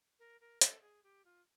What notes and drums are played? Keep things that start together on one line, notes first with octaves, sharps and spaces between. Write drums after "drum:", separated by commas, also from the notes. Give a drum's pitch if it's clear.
A#4
A#4
A4, drum: hi-hat
G#4
G4
F4